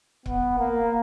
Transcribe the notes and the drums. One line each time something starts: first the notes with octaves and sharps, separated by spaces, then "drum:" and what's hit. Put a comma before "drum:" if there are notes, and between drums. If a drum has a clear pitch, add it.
B3, drum: kick C#1
A#3